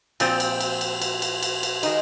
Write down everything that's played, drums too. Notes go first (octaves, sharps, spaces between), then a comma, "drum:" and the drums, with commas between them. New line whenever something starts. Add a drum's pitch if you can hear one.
A#2 F3 C4, drum: cymbal
drum: cymbal
drum: cymbal
drum: cymbal
drum: cymbal
drum: cymbal
drum: cymbal
drum: cymbal
D#3 G#3 D#4, drum: cymbal